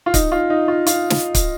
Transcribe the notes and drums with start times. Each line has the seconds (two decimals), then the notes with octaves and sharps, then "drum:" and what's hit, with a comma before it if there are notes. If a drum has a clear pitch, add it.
0.06 F4
0.14 D#4, drum: kick C#1, hi-hat
0.32 F4
0.50 D#4
0.68 F4
0.87 F4, drum: hi-hat
1.10 drum: snare
1.35 drum: kick C#1, hi-hat